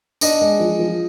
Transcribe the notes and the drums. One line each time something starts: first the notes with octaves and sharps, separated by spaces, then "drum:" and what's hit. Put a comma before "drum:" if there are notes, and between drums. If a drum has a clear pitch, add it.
D4 D#5, drum: tambourine
G#3
F3
F3